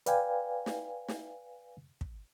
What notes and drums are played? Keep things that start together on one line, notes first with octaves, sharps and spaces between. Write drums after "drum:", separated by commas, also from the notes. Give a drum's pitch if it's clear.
B4 D5 F5 G5 G#5, drum: hi-hat
drum: snare
drum: snare
drum: kick